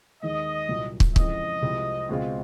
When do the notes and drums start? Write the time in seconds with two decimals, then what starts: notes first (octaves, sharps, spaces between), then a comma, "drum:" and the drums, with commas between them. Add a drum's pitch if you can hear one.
0.22 D#2 D#3 G#3 D#5
0.69 C2 A#2 F#3
1.00 drum: kick
1.16 F2 C#3 E3 G#3 C4 D#5, drum: kick
1.62 C2 C3 F3 G#3 C4
2.09 C#2 B2 G#3 C4 F4